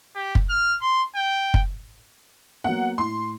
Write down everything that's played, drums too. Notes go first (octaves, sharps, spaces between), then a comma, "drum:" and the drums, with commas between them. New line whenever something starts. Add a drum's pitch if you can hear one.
G4
drum: kick
F6
C6
G5
drum: kick
F#3 A#3 B3 F#5
A2 C6